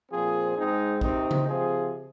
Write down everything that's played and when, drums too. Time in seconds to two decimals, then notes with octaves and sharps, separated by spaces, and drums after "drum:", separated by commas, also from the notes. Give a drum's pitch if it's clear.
0.11 A#2 F3 C4 G#4
0.56 G#2 G#3 C4 D#4
1.01 C3 D#3 C4 D#4, drum: kick
1.31 drum: tom C#3
1.47 C3 F3 C4 G#4